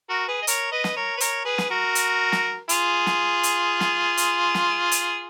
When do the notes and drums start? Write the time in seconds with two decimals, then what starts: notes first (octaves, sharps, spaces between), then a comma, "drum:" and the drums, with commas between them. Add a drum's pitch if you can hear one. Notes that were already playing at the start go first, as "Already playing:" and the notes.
0.09 F#4 A#4
0.28 G#4 B4
0.42 D#5
0.47 A#4 C#5, drum: hi-hat
0.71 B4 D#5
0.84 drum: snare
0.96 A#4 C#5
1.17 B4
1.20 A#4 C#5, drum: hi-hat
1.45 G#4 B4
1.58 drum: snare
1.70 F#4 A#4
1.95 drum: hi-hat
2.32 drum: snare
2.69 F4 G#4, drum: hi-hat
3.06 drum: snare
3.43 drum: hi-hat
3.80 drum: snare
4.17 drum: hi-hat
4.54 drum: snare
4.92 drum: hi-hat